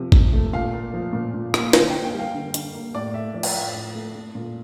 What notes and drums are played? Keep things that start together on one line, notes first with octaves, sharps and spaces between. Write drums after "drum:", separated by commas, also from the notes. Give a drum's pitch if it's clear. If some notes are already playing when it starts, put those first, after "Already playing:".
Already playing: C3 F3
C3, drum: kick G#1
A3
A#2 F5
A#3
F3
A#2
A#2
A#3, drum: rim click
D3 F5, drum: snare
A#3 G5
G5
G3
F5
D3
D3, drum: hi-hat
A#3
A2 D5
A3 E5
F3 D5
drum: cymbal
A2 F5
A2
A3
A3
A#2